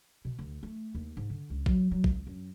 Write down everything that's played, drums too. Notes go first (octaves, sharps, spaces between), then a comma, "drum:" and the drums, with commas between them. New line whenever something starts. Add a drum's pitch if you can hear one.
B2
D2
A3
D#2
G#2
D3
C#2
F#3, drum: kick
F#3
C#2, drum: kick
F#2